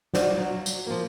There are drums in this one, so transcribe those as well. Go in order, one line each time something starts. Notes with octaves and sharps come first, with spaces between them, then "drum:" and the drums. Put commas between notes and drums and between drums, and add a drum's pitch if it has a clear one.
D#4 F4 F#4 C5 D5, drum: snare
F#3
drum: tambourine
F3 A#3